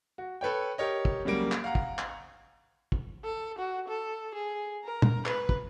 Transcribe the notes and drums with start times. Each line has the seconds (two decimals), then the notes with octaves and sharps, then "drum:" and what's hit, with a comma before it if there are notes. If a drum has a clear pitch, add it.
0.18 F#4
0.41 A4 B4 C#5 G5
0.78 G4 A#4 C#5 D#5
1.05 drum: kick
1.25 C#3 F#3 G3 A#3 D7
1.52 drum: clap
1.64 F5 F#5 A#5
1.75 drum: kick
1.99 drum: clap
2.92 drum: kick
3.24 A4
3.59 F#4
3.88 A4
4.35 G#4
4.84 A#4
5.02 drum: tom
5.26 B4, drum: clap
5.49 drum: kick